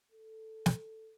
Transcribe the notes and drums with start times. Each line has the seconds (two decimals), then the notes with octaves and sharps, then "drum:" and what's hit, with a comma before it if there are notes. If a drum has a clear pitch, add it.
0.11 A4
0.66 drum: snare